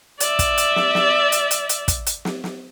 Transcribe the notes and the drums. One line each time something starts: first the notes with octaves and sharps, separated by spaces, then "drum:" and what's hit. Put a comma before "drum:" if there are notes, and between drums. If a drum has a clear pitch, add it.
D5 E5, drum: hi-hat
drum: kick, hi-hat
drum: hi-hat
drum: snare
drum: snare
drum: hi-hat
drum: hi-hat
drum: hi-hat
drum: kick, hi-hat
drum: hi-hat
drum: snare
drum: snare